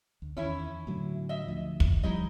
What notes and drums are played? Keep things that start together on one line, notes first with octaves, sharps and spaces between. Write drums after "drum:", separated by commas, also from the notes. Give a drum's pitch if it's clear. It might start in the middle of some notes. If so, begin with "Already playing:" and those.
D2
E2 D#3 C#4 E4
A2 D3 F#3
D#5 E5
D2 F3
drum: kick
D2 F3 G3 D#4 E4 D#5